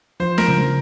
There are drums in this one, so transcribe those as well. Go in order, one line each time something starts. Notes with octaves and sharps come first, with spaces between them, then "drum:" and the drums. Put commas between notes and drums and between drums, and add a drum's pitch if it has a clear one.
F3 C5
A#4, drum: snare
C#3